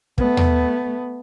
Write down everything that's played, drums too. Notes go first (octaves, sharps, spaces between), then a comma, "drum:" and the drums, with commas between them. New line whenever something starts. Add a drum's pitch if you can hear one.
A3 B3, drum: kick
drum: tom D#2